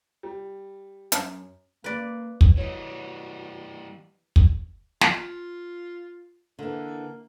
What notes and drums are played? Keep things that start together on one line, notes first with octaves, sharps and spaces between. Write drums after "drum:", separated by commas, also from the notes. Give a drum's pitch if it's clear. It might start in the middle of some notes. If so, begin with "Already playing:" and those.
G3
F#2, drum: hi-hat
A#3 B4 D5
drum: kick
E3 G3 F#4 C#5 D#5
drum: kick
F4, drum: snare
D3 E3 A#3